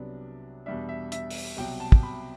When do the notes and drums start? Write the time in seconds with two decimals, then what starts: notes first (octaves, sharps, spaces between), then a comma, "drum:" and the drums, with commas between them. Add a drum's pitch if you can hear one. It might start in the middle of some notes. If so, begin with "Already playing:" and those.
Already playing: C2 C3 F#3 B3 D4
0.66 E2 B2 G3 D4 E5
0.89 E5
1.12 E5, drum: hi-hat
1.31 drum: open hi-hat
1.57 C2 B2 F#3 G5
1.80 A5
1.92 A5, drum: kick
2.03 B5